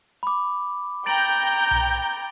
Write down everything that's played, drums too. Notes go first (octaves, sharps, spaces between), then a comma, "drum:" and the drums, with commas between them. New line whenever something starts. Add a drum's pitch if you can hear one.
B5 D6
G5 A#5 G6 A6 D7 F#7
drum: tom B1